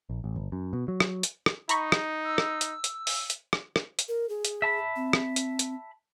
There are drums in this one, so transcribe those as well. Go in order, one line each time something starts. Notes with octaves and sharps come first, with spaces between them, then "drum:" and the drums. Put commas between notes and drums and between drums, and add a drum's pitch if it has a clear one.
A#1
A1
G1
F#2
B2
F#3
drum: rim click
drum: hi-hat
drum: rim click
D#4 A#5 B5 C#6, drum: hi-hat
drum: rim click
E6
drum: rim click
drum: hi-hat
drum: hi-hat
drum: open hi-hat
drum: hi-hat
drum: rim click
drum: rim click
drum: hi-hat
A#4
G#4
drum: hi-hat
E5 A5 B5
C4
drum: rim click
drum: hi-hat
drum: hi-hat